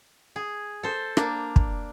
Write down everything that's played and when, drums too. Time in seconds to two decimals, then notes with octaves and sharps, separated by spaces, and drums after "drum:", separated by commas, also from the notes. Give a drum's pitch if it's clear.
0.36 G#4
0.83 A4 C5
1.17 A#3 D4, drum: rim click
1.56 drum: kick